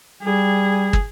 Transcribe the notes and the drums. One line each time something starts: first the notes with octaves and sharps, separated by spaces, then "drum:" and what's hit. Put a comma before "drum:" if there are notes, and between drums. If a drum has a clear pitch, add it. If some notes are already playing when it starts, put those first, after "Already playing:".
G3 G#4
drum: kick